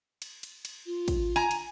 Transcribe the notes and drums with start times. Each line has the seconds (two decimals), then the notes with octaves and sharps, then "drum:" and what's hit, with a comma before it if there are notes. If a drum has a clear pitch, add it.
0.22 drum: cymbal
0.43 drum: cymbal
0.65 drum: cymbal
0.86 F4
1.08 drum: kick, cymbal
1.36 G#5 A#5
1.51 drum: cymbal